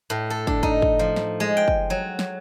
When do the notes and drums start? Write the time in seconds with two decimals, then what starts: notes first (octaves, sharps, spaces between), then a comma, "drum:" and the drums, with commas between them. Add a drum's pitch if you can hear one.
0.10 A2
0.30 A4
0.47 D4, drum: kick
0.63 D#4, drum: kick
0.82 drum: kick
0.99 F3
1.16 drum: snare
1.40 G#3
1.57 G5
1.68 drum: kick
1.90 F#3
2.19 drum: snare